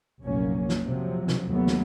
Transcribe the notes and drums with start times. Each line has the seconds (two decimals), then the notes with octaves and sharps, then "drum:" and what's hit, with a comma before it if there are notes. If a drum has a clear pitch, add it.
0.23 F1 A#1 A#2 F#3 A#3 C#4
0.69 drum: snare
0.87 C3 F3 F#3
1.28 drum: snare
1.48 D#2 F#3 A3 B3
1.67 drum: snare